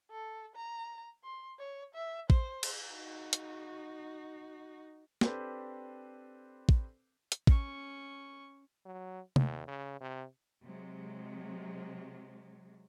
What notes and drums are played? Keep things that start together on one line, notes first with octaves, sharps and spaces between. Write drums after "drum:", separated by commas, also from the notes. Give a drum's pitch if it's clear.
A4
A#5
C6
C#5
E5
C5, drum: kick
drum: cymbal
D#4 F#4
drum: hi-hat
C4 D4 G4 A4 B4 C5, drum: snare
drum: kick
drum: hi-hat
C#4 C#6, drum: kick
F#3
D#2, drum: tom C3
C#3
C3
C3 F#3 G#3